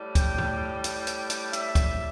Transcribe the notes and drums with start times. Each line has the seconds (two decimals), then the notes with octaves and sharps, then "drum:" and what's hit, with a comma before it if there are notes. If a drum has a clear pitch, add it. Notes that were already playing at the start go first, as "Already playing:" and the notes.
Already playing: A2 G3
0.15 G5, drum: kick, hi-hat
0.38 drum: tom G2
0.84 drum: hi-hat
1.07 drum: hi-hat
1.30 drum: hi-hat
1.53 E5, drum: hi-hat
1.75 drum: kick, hi-hat